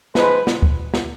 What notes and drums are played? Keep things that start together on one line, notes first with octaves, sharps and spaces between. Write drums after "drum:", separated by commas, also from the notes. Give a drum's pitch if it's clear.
G#2 F3 G#3 B4, drum: snare
drum: snare
drum: kick D2
drum: snare